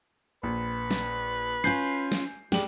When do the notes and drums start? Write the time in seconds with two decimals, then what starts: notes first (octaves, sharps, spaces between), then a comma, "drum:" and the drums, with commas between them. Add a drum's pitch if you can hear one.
0.43 A#1 B4
0.91 drum: snare
1.64 C#4 F4 G#5 G6 C7
2.12 drum: snare
2.52 G3 G#3 G5 F#7, drum: snare